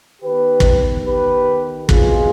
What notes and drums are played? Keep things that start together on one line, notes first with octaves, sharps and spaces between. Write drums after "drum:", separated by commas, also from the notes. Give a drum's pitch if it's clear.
D#3 B3 G4 B4
drum: kick
G4 B4
B2 G#3 C4 F4 G#4, drum: kick